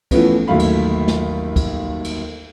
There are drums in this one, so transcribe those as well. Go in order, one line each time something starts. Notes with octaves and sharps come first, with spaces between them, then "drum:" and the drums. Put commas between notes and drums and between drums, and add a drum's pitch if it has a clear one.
E3 F3 A3 B3 C#4, drum: kick, cymbal
G1 D#2 F#3 A3 F5 B5
drum: cymbal
drum: snare
drum: kick, cymbal
drum: cymbal